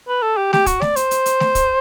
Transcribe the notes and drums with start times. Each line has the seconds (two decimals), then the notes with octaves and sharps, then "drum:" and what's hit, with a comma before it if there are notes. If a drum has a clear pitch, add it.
0.09 B4
0.22 A4
0.37 G4
0.53 G4, drum: snare A3
0.66 F#4, drum: kick, hi-hat
0.81 D5, drum: snare A3
0.96 C5, drum: hi-hat
1.11 drum: hi-hat
1.26 drum: hi-hat
1.40 drum: snare A3
1.55 drum: kick, hi-hat